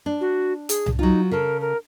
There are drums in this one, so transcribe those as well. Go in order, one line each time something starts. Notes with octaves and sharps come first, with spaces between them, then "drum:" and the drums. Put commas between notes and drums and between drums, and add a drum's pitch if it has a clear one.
D4
F#4
G#4, drum: hi-hat
drum: tom C2
F#3 D#4 F4
C#3 A4 A#4
A#4